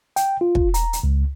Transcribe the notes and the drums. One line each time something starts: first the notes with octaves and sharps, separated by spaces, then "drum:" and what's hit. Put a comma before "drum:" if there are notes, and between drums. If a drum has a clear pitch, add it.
G5, drum: hi-hat
F4
drum: kick
A#5, drum: hi-hat
drum: hi-hat
C#2